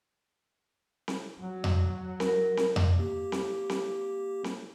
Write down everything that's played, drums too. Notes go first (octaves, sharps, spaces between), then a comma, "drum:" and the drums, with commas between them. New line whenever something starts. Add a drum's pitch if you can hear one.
drum: snare C4
F#3
drum: tom F2
A#4, drum: snare C4
drum: snare C4
drum: tom F2
A#3 G4
drum: snare C4
drum: snare C4
drum: snare C4